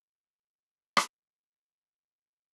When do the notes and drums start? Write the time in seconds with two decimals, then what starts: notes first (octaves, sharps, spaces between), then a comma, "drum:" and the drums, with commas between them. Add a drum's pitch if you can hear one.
0.20 F#1
0.55 G#1
0.97 drum: rim click
1.13 F3
2.00 F#2